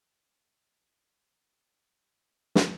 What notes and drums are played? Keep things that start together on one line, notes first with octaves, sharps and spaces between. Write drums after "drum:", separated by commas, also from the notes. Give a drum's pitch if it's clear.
B3 C4 A4 E5 F#5
drum: snare